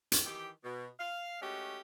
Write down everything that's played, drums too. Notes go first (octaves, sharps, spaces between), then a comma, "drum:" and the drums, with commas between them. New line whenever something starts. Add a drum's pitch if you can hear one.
drum: hi-hat
D#3 E3 G4
B2
F5
G#3 A3 C#4 F#4 G4